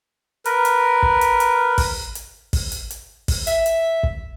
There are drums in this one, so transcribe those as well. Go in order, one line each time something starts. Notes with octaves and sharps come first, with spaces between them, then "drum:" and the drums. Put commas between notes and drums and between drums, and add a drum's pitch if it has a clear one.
A#4 B4, drum: hi-hat
drum: hi-hat
drum: kick
drum: hi-hat
drum: hi-hat
drum: kick, open hi-hat
drum: hi-hat
drum: kick, open hi-hat
drum: hi-hat
drum: hi-hat
drum: kick, open hi-hat
E5, drum: hi-hat
drum: hi-hat
drum: kick